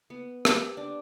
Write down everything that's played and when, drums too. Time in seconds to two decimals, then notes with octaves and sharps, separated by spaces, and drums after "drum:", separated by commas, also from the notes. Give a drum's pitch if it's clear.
0.10 B3
0.45 G4, drum: rim click
0.77 D4